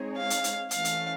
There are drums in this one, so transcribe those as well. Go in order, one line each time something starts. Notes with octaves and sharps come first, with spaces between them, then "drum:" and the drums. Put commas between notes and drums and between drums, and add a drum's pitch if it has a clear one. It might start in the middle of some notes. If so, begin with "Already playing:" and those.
Already playing: G#3 C4 D#4 G#4 C#5
F5
drum: hi-hat
drum: hi-hat
E3 A3 C#4 F5, drum: hi-hat
drum: hi-hat